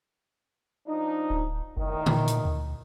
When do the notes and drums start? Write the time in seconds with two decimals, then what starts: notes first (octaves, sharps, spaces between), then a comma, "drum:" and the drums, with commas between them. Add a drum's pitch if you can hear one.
0.87 F3 D4 D#4
1.30 D1
1.77 F#1 E2 A2 D#3
2.06 A#2, drum: tom D3
2.28 drum: hi-hat
2.45 D2